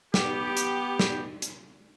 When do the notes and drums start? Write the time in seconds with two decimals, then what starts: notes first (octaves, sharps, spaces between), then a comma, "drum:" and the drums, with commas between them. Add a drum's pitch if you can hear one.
0.14 B3 G4, drum: snare
0.57 drum: hi-hat
0.99 drum: snare
1.42 drum: hi-hat